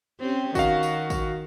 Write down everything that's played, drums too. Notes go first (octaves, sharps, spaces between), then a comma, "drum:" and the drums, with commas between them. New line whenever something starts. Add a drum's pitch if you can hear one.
C4 C#4 G4
D#3 F#4 F5, drum: kick, tambourine
drum: tambourine
drum: kick, tambourine